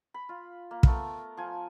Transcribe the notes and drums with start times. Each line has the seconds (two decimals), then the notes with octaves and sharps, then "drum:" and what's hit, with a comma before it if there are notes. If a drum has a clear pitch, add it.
0.14 B5
0.29 F4
0.71 A#3
0.83 A3 B3 A#4, drum: kick
1.37 F3 G#5